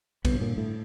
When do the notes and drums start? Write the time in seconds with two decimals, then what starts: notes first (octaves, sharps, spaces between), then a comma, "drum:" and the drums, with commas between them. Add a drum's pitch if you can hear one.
0.25 G2 B2 D3 B3, drum: kick A#1, cymbal
0.41 A#2 A#3
0.57 A2 A3